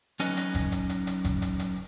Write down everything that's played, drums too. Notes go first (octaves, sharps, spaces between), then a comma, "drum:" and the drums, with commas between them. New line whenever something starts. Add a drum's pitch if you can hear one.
F#3 C#4 D#4 B4 D#5, drum: hi-hat
drum: hi-hat
drum: kick F#1, hi-hat
drum: hi-hat
drum: hi-hat
drum: hi-hat
drum: kick F#1, hi-hat
drum: hi-hat
drum: hi-hat